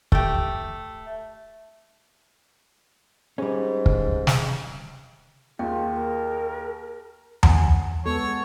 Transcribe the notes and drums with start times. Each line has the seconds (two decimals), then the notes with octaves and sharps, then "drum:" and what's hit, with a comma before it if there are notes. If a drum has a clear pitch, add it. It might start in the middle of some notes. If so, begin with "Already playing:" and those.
0.12 A3 G4, drum: kick
3.38 G#2 G3 C#4
3.86 drum: kick
4.27 drum: snare
5.59 D#2 F4 G#4 G5
5.92 A#4
7.43 F#5 G#5, drum: tom E2
8.06 G#3 B3 A4 C#5